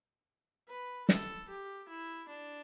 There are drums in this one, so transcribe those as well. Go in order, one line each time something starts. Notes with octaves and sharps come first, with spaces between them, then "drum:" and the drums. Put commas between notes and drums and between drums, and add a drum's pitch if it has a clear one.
B4
A4, drum: snare
G4
E4
D4